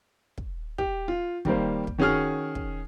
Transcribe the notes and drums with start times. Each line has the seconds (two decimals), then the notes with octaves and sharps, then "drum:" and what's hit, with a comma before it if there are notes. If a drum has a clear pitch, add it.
0.38 drum: kick
0.78 G4, drum: kick
1.08 F4
1.45 D#3 G3 A#3 C5, drum: kick
1.87 drum: kick
1.98 D#3 C#4 F#4 G#4 F6
2.55 drum: kick